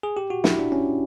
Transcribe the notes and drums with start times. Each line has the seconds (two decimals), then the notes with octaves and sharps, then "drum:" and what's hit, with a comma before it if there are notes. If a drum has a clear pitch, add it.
0.03 G#4
0.17 G4
0.30 F#4
0.44 E4, drum: snare
0.59 D4
0.72 C#4